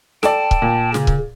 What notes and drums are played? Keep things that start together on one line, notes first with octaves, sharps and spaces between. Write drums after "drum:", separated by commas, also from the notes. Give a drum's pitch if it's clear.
A4 D5 G5 A5, drum: snare
drum: kick C#1
A#2
C#3, drum: snare
drum: kick C#1